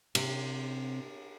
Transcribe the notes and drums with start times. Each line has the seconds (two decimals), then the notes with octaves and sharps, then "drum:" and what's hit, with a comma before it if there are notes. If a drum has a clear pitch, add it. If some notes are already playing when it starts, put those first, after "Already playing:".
0.15 C3, drum: cymbal